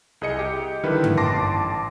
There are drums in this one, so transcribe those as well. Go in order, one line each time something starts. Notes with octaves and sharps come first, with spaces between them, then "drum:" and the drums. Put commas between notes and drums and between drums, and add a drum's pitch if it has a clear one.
C2 G#4 D#5 C#7
G4
D3 D#3 G3 E4 B4
drum: tom G2
A1 A5 C6 D6 A#6 C7